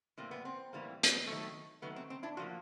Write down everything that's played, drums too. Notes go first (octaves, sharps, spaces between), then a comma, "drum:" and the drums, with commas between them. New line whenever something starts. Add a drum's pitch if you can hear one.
A2 E3 G3 A#3 C4
B3
C4
A2 E3 G3 A#3
drum: hi-hat
D#3 F#3 A3
D#3 F#3 A3 B3
C4
C4
D4 E4
A2 F3 A#3 F#4